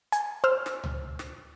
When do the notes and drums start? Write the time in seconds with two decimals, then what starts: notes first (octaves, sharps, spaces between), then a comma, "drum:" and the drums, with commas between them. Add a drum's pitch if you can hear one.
0.12 G#5, drum: hi-hat
0.44 C5 E6 F6
0.66 drum: snare
0.84 drum: tom C#2
1.19 drum: snare